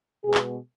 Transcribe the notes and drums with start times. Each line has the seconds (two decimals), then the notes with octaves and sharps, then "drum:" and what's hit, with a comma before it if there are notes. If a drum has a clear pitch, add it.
0.24 B2 G#3 B3 G#4
0.34 drum: clap